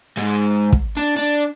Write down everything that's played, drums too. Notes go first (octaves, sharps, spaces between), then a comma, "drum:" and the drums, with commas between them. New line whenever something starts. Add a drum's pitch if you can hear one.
G#2 G#3
drum: kick
D4
D4